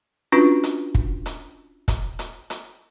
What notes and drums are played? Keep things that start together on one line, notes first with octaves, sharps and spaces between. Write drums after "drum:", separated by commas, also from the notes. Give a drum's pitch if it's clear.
C#4 D4 F4 F#4 B4
drum: hi-hat
drum: kick
drum: hi-hat
drum: kick, hi-hat
drum: hi-hat
drum: hi-hat